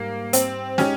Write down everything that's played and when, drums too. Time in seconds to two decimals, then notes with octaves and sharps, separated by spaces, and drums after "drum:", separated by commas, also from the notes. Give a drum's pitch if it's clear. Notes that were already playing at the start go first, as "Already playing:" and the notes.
Already playing: G#2 G3 A#3
0.33 C4, drum: hi-hat
0.78 G#3 C#4 D#4 G4, drum: snare